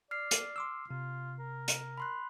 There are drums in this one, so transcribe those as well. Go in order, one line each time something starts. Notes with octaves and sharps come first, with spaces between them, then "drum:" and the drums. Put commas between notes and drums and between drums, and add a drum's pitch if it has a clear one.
D5 F6 C7
drum: hi-hat
C6 D6 E6
C3 F4
A#4
drum: hi-hat
B5 C6 F#6